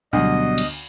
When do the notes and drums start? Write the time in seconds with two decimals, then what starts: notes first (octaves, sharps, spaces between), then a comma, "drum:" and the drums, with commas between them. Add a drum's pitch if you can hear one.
0.13 D2 B2 F#3 G3 D#5
0.58 drum: cymbal